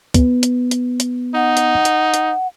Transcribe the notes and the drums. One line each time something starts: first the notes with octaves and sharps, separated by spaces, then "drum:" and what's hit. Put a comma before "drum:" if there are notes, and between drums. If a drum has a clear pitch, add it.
B3, drum: kick, hi-hat
drum: hi-hat
drum: hi-hat
drum: hi-hat
D#4 F#5
drum: hi-hat
drum: hi-hat
drum: hi-hat